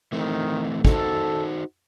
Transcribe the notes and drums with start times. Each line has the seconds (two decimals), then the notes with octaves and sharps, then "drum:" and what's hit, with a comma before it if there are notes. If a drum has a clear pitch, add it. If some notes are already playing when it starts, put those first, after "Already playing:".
0.13 D#3 E3 A3 C4
0.85 D#4 F#4 A4 C5, drum: kick